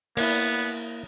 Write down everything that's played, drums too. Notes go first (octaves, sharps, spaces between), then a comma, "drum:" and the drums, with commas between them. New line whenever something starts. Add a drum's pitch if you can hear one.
A#3 B3 E4, drum: cymbal